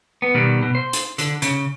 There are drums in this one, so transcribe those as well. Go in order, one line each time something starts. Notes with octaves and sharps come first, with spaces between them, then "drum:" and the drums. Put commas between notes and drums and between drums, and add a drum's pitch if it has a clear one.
B3
B2 D#3 G3
B2
C5
drum: hi-hat
D3, drum: hi-hat
C#3, drum: hi-hat